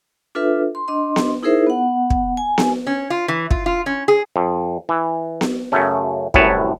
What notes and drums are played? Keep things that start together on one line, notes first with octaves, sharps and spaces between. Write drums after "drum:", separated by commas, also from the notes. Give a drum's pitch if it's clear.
D4 F4 A4 B4 E5
C6
D4 D#5 C6
drum: snare B3
D#4 E4 G#4 A#4 C5 E5
B3 F#5
drum: kick
G#5
drum: snare B3
C#4
F4
E3
F4, drum: kick
F4
C#4
G#4
F2
E3
drum: snare B3
F#2 C#3 A3 C#4
C2 F#2 A2 B4 C#5 A5, drum: kick